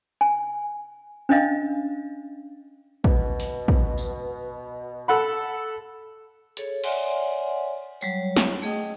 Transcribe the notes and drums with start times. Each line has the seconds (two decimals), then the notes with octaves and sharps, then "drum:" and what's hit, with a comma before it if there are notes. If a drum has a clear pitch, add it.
0.21 G#5
1.29 C#4 D4 D#5 F5
3.04 B2, drum: kick
3.40 drum: open hi-hat
3.68 drum: kick
3.98 drum: tambourine
5.08 A4 F#5 B5
6.57 G#4 A4 C#5, drum: hi-hat
6.84 C#5 D5 E5 F#5 G#5 C6, drum: cymbal
8.01 F#3 G3 C#5, drum: tambourine
8.36 drum: snare
8.62 A3 G#4 D#5 G5 D#6